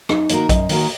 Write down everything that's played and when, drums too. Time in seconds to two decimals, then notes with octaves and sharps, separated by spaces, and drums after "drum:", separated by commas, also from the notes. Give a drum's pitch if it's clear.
0.09 F#2 D#4, drum: rim click
0.29 D#3 A#3 F#4 A#4, drum: hi-hat
0.49 F#2 D#5, drum: kick A#1, hi-hat
0.69 D#3 A#3 F#4 A#4, drum: open hi-hat